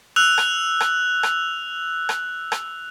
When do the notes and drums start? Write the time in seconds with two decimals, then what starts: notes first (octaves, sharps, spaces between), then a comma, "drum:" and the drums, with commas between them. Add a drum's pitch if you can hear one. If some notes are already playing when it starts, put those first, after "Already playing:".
0.16 E6 F#6 F7
0.38 drum: rim click
0.80 drum: rim click
1.23 drum: rim click
2.09 drum: rim click
2.52 drum: rim click